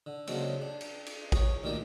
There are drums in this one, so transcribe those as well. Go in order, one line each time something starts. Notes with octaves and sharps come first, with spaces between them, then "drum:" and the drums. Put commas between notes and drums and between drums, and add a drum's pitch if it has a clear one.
D3
C#3 F#3 G#3 A#3 C4 D4, drum: cymbal
D4
drum: cymbal
drum: cymbal
G#4 C#5, drum: kick A1, cymbal
D2 A#2 D#3 G4 A#4 D5